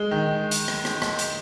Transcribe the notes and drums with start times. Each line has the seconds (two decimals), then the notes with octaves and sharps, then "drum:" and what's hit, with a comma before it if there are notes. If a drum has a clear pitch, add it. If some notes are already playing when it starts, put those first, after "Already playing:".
Already playing: G#3
0.11 D#3
0.51 drum: hi-hat
0.68 drum: rim click
0.85 drum: rim click
1.02 drum: rim click
1.19 drum: hi-hat